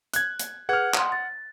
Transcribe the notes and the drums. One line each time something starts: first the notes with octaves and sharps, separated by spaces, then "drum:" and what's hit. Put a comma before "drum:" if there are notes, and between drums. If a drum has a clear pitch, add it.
F#6 G#6, drum: hi-hat
drum: hi-hat
G#4 B4 F#5 F6 G#6
C6 D#6, drum: clap
A6